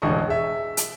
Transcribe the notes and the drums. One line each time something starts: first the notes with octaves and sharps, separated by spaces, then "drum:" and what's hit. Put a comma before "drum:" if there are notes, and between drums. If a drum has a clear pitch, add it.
E1 A1 D3 D#5 C#6
G#4 E5
drum: hi-hat